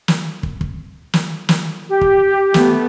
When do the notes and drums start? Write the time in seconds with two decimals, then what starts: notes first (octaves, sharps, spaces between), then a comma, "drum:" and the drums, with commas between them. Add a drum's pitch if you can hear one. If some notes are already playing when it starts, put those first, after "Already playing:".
0.08 drum: snare
0.43 drum: kick
0.61 drum: kick
1.13 drum: snare
1.49 drum: snare
1.89 G4
2.01 drum: kick
2.54 A3 B3, drum: snare